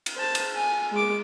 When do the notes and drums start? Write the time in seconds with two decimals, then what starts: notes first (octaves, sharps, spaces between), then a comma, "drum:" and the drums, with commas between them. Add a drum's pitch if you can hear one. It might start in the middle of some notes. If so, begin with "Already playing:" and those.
0.06 drum: cymbal
0.16 C5 A5
0.35 drum: cymbal
0.55 G#5
0.92 G#3 D6